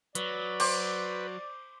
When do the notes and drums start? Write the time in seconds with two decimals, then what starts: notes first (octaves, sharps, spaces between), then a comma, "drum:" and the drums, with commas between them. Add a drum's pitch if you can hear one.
0.15 F#3 B4 D5, drum: hi-hat
0.60 C5 D6, drum: cymbal